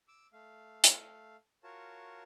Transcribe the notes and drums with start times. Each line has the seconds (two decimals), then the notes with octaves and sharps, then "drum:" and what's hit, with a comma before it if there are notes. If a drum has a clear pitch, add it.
0.08 D6 E6
0.33 A3 F5
0.84 drum: hi-hat
1.64 F4 F#4 A#4 C#5 A5